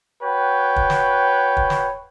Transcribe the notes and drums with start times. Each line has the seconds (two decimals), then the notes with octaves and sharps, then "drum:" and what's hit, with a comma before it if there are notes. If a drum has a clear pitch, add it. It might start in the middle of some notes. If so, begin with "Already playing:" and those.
0.23 F#4 B4 C#5 G5
0.76 drum: kick
0.90 drum: snare
1.57 drum: kick
1.70 drum: snare